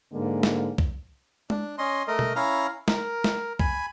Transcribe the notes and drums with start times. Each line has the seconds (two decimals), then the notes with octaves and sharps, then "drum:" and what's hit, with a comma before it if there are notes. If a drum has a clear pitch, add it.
0.13 G#2 D3 G#3 A#3
0.43 drum: snare
0.78 drum: kick
1.50 D4, drum: tom
1.78 C#4 D#5 C6
2.08 A3 A#4 D#5
2.19 drum: tom B2
2.36 C#4 E4 F5 A#5
2.88 A#4, drum: snare
3.24 drum: snare
3.59 G#5 B5, drum: kick